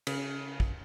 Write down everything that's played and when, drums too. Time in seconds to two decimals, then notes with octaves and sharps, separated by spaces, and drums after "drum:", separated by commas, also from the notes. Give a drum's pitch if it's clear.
0.07 C#3, drum: cymbal
0.60 drum: kick